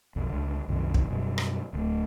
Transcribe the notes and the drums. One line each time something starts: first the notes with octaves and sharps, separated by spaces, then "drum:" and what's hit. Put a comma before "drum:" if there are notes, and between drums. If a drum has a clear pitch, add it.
B1 F2 F3
C#2 D3
C2 F#2 D#3
drum: kick
F#2 B2 G3
drum: rim click
D1 D2 G#3 A3